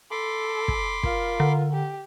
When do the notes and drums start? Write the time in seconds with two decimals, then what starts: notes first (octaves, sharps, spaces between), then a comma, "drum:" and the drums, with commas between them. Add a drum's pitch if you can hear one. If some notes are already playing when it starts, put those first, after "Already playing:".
0.11 A4 B5 C6 D6
0.68 drum: kick
1.03 F4 A#4, drum: kick
1.40 D3
1.73 G4